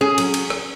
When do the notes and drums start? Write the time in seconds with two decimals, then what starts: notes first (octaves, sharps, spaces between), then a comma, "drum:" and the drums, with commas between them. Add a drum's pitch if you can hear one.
0.01 C#4 G#4
0.18 F#3, drum: cymbal
0.34 drum: cymbal
0.50 drum: rim click